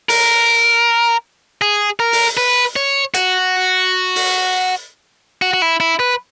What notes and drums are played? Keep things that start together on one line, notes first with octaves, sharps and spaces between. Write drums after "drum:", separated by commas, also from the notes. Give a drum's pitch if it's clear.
A#4, drum: open hi-hat
G#4
A#4
drum: open hi-hat
B4
C#5
F#4, drum: hi-hat
drum: open hi-hat
F#4
F#4
E4
E4
B4